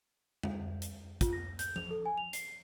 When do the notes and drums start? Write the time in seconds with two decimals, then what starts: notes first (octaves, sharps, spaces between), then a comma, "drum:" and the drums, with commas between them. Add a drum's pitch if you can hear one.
0.43 drum: tom
0.82 drum: hi-hat
1.21 F4, drum: kick, hi-hat
1.33 A#6
1.59 G6, drum: hi-hat
1.76 F7, drum: tom F3
1.91 A4
2.06 G#5
2.18 F7
2.33 C7, drum: hi-hat